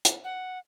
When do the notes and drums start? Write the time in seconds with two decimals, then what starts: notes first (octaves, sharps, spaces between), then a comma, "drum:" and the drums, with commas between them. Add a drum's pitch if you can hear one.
0.05 drum: hi-hat
0.24 F#5